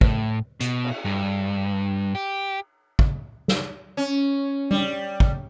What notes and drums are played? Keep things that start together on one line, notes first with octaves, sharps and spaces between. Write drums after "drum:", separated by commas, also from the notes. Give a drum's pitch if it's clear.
A2, drum: kick
B2, drum: hi-hat
drum: cymbal
G2
G4
drum: kick
drum: snare
C#4
G3, drum: tom G3
drum: kick